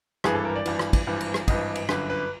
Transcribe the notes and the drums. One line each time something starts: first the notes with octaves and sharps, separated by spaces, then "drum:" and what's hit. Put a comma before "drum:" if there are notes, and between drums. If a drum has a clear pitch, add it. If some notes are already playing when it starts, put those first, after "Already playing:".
G#1 G2 E3 G#4, drum: rim click
A4
A#4
D5
G#1 G2 E3, drum: cymbal
drum: rim click
drum: kick, cymbal
G#1 G2 E3
drum: cymbal
drum: rim click
G#1 G2 E3 D#5, drum: kick, cymbal
drum: cymbal
G1 F#2 D3 B4, drum: rim click
B4